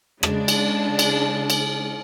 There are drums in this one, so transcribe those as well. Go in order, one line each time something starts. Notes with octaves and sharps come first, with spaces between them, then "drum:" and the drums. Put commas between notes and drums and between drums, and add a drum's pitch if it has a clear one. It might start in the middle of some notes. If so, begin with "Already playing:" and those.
C#3 G#3 D4, drum: rim click
drum: cymbal
drum: cymbal
drum: cymbal